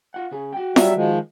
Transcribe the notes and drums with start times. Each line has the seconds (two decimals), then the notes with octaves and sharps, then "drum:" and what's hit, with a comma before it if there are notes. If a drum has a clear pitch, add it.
0.14 F4 F#5
0.32 C#3 G#4
0.53 F#4 G5
0.76 F#3 G3 E5, drum: snare F4
0.95 D#3 F3 G#3